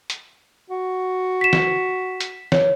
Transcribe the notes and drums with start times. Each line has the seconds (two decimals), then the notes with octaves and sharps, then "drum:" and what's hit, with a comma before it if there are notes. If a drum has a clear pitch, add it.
0.10 drum: hi-hat
0.70 F#4
1.41 B6 E7
1.53 drum: snare
2.20 drum: hi-hat
2.52 C#5, drum: snare